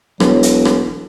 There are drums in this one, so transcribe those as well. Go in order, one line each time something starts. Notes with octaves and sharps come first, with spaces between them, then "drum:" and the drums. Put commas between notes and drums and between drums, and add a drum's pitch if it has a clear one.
E1 F#3, drum: rim click
drum: hi-hat
drum: rim click